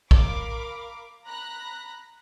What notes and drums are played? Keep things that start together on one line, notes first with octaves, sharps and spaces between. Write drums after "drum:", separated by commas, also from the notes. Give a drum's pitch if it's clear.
A#4 F5 B5 D6, drum: kick
A#5 B5 F#6 A#6